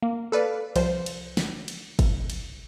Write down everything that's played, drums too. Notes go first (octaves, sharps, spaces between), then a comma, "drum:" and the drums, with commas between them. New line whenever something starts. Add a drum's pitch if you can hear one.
A#3
A4 B4 D5 F5
C2 F3 C5, drum: cymbal
drum: cymbal
drum: snare
drum: cymbal
drum: kick, cymbal
drum: cymbal